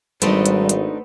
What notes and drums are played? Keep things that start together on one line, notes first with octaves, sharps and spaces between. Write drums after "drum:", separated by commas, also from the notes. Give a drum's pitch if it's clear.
G#1 G3 A3 B3 C4 D4 D#4, drum: hi-hat
drum: hi-hat
drum: hi-hat